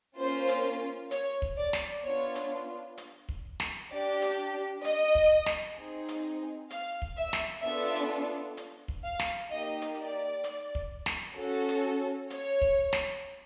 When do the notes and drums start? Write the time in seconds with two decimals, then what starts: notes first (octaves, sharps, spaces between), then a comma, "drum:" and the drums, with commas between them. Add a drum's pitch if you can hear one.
0.18 A#3 C#4 F4 C5
0.49 drum: hi-hat
1.11 C#5, drum: hi-hat
1.42 drum: kick
1.58 D5
1.73 drum: snare
2.04 B3 D4 F4 C#5
2.35 drum: hi-hat
2.98 drum: hi-hat
3.29 drum: kick
3.60 drum: snare
3.91 D4 G4 D5
4.22 drum: hi-hat
4.84 D#5, drum: hi-hat
5.15 drum: kick
5.46 drum: snare
5.77 C4 D#4 G#4
6.08 drum: hi-hat
6.70 F5, drum: hi-hat
7.02 drum: kick
7.18 E5
7.33 drum: snare
7.64 B3 D4 F4 A4 E5
7.95 drum: hi-hat
8.57 drum: hi-hat
8.88 drum: kick
9.04 F5
9.19 drum: snare
9.51 A#3 D#4 G4 D#5
9.82 drum: hi-hat
9.97 D5
10.44 drum: hi-hat
10.75 drum: kick
11.06 drum: snare
11.37 C#4 F#4 A4
11.68 drum: hi-hat
12.30 C#5, drum: hi-hat
12.62 drum: kick
12.93 drum: snare